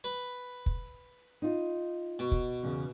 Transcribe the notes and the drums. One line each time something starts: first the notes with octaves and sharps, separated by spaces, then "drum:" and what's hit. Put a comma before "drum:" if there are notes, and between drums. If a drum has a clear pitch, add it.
B4
drum: kick
D#4 F4
B2
drum: kick
E2 C#3